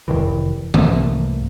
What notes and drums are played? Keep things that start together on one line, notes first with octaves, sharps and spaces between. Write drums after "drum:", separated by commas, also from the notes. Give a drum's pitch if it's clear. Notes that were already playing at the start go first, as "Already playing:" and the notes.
F1 C3 D#3 E3
C2 G2 A3 A#3, drum: tom D#3